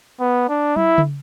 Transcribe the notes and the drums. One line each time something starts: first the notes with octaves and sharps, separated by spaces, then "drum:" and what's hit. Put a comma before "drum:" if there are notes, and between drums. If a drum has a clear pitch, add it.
B3
D4
E4, drum: tom
drum: tom C#3